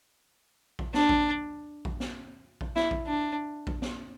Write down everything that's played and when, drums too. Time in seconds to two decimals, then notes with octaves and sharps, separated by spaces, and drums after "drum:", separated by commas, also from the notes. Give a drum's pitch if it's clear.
0.79 drum: kick A#1
0.94 D4, drum: snare
1.09 drum: kick A#1
1.85 drum: kick A#1
2.00 drum: snare
2.61 drum: kick A#1
2.76 E4, drum: snare
2.91 drum: kick A#1
3.06 D4
3.67 drum: kick A#1
3.82 drum: snare